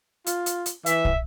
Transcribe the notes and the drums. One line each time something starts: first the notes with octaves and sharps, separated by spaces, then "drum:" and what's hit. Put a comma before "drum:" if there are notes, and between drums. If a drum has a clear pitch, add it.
F4, drum: hi-hat
drum: hi-hat
drum: hi-hat
E3 E5, drum: hi-hat
drum: kick